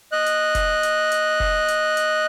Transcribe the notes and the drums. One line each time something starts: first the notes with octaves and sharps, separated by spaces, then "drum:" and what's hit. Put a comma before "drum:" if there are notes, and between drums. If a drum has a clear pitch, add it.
D#5 F#6
drum: hi-hat
drum: kick, hi-hat
drum: hi-hat
drum: hi-hat
drum: kick
drum: hi-hat
drum: hi-hat